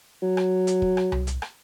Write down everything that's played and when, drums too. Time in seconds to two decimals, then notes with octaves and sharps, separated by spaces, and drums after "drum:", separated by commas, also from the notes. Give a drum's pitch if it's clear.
0.22 F#3
0.37 drum: rim click
0.67 drum: hi-hat
0.82 drum: kick
0.97 drum: rim click
1.12 drum: tom C2
1.27 drum: hi-hat
1.42 drum: rim click